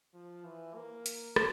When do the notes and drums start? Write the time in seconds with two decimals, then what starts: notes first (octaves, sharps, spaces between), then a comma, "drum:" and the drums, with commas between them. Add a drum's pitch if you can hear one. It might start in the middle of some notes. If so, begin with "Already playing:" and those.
0.14 F3
0.44 E3
0.75 A#3
1.06 drum: hi-hat
1.36 drum: rim click